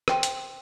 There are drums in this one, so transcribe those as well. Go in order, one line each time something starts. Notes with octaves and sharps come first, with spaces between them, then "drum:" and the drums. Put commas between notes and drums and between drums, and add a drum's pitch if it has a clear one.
C5 G5 C6, drum: rim click
drum: hi-hat